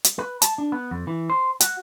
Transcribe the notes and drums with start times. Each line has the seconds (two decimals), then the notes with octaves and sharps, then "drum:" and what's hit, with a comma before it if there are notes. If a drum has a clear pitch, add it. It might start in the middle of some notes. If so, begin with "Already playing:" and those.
0.04 drum: hi-hat
0.19 B4
0.42 A5, drum: hi-hat
0.58 D4
0.72 B3
0.91 F2
1.07 E3
1.30 C5
1.60 F#4, drum: hi-hat